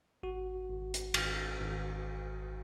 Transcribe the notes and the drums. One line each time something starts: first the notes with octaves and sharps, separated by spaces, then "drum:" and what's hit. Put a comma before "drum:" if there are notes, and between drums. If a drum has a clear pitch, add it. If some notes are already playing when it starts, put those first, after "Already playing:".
G#1 F#4
G#1
drum: hi-hat
G#1, drum: cymbal
G#1